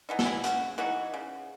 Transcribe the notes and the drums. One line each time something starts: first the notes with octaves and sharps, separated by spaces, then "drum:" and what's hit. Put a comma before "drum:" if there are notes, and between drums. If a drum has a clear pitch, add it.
E3 B3 D#4
A4, drum: snare
E4 G#4
C#3 F#4, drum: hi-hat
E3 B3 D#4 F#4
C#3